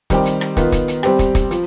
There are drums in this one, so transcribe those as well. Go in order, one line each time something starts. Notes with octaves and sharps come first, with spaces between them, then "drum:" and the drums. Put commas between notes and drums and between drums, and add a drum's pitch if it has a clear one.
D#3 G3 C4 G4, drum: kick, hi-hat
drum: hi-hat
drum: rim click
D#3 B3 F4, drum: kick, hi-hat
drum: kick, hi-hat
drum: hi-hat
G3 C4 G4, drum: rim click
drum: kick, hi-hat
drum: kick, hi-hat
F3, drum: hi-hat